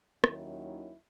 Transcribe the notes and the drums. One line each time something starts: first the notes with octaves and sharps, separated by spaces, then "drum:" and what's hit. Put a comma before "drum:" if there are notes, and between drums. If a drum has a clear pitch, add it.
D#2 D#3 F#3 C#4 E4, drum: rim click